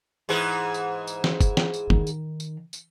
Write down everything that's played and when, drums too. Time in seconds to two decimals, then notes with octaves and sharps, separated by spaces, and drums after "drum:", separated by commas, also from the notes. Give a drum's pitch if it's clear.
0.29 G#2 E3 G#4
0.74 drum: tambourine
1.07 drum: tambourine
1.24 drum: snare
1.41 drum: kick F#1, tambourine
1.57 drum: snare
1.74 drum: tambourine
1.90 D#3, drum: kick F#1
2.07 drum: tambourine
2.40 drum: tambourine
2.73 drum: tambourine